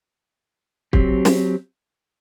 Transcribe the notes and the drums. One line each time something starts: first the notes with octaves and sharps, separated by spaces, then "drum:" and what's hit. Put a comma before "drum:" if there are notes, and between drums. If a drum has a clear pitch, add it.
F#3 C4 G4, drum: kick
drum: snare